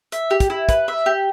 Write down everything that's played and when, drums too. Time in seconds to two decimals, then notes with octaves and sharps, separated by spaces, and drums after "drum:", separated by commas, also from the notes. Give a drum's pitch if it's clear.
0.12 E5, drum: hi-hat
0.31 G4
0.40 drum: kick, hi-hat
0.50 E4
0.69 B4, drum: kick, hi-hat
0.88 E5
1.06 G4